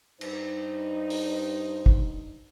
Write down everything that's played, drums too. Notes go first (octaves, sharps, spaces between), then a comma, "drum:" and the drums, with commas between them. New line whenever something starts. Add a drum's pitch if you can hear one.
G2 D#4 C5, drum: cymbal
drum: open hi-hat
drum: kick